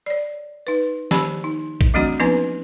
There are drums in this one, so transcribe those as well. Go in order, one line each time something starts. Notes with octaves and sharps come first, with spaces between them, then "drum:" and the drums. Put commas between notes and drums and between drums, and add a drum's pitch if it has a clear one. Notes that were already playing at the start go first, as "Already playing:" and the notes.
C#5 D5
D#4 B4
D#3 F3 A#3 G4 B5, drum: snare
D#4
drum: kick
E3 F#3 A3 C4 D4 F#4
F3 A#3 B3 C#4 D#4 B4